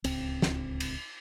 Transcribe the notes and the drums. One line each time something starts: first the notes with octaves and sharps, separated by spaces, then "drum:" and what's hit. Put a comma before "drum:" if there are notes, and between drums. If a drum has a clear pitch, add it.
D1 C#2 C4, drum: cymbal
drum: snare
drum: cymbal